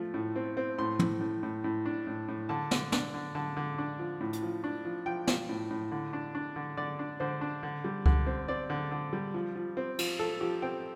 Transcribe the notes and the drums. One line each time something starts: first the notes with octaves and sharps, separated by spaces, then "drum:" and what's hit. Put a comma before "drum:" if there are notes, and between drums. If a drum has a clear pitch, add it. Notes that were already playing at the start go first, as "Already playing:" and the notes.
Already playing: F3 A3
A2
C4
C4
A2 C6
A2, drum: tom
A2
A2
A2
D4
A2
A2
D3 A5
D3, drum: snare
D4, drum: snare
D3
D3 A5
D3
D4
F3
A2
drum: hi-hat
F3
D4
F3
F3 G5
F3, drum: snare
A2
A2
D3
D4
D4
D3
D3 D5
D4
D3 C5
D4
D3
G3
D3, drum: kick C#2
C4
C4 D5
D3
D3
G3
F3
F3
C4
F3, drum: cymbal
F3 A4
F3 G4
C4 G5